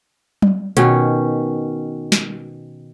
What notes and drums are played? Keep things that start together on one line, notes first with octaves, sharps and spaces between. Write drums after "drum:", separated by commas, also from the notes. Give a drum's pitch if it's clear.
drum: tom F#3
B2 D#3 C#4, drum: hi-hat
drum: snare